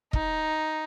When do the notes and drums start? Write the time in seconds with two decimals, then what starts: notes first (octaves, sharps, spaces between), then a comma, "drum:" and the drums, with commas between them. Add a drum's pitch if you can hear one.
0.13 D#4, drum: kick